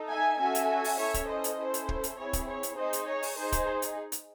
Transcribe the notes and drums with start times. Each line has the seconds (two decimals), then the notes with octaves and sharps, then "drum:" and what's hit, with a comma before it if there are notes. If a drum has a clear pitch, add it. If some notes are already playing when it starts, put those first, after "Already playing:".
Already playing: D#4 A4
0.10 E5 G#5
0.40 C#4 F#4 A4 E5 G#5
0.55 drum: hi-hat
0.84 drum: open hi-hat
0.99 C#4 E4 A4 C#5 E5
1.14 drum: kick, hi-hat
1.29 C5 D#5
1.44 drum: hi-hat
1.59 C#4 E4 A4 C5
1.74 drum: hi-hat
1.89 drum: kick
2.04 drum: hi-hat
2.18 C4 E4 G#4 C#5
2.33 drum: kick, hi-hat
2.48 C#5
2.63 drum: hi-hat
2.78 D#4 G#4 C5 D#5
2.93 drum: hi-hat
3.08 C#5
3.23 drum: open hi-hat
3.38 D#4 G#4 C5
3.52 drum: kick, hi-hat
3.82 drum: hi-hat
4.12 drum: hi-hat